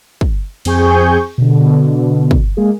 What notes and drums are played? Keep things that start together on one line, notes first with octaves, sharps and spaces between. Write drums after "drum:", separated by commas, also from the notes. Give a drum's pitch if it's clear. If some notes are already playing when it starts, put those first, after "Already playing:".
drum: kick
F2 C4 G#4 G#5 C#6 G6, drum: cymbal
B2 D3
drum: kick
G#3 A#3 G#4